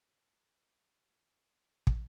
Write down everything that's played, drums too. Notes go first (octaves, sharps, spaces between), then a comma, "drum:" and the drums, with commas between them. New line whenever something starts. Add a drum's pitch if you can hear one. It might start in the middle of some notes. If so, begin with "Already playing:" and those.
E2 F#3 A#4
drum: kick